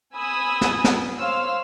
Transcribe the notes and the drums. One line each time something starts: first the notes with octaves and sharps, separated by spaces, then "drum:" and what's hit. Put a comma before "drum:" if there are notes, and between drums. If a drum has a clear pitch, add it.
G#5 B5 D#6 E6
drum: snare
drum: snare
C5 C#5 F5 C6 E6 F6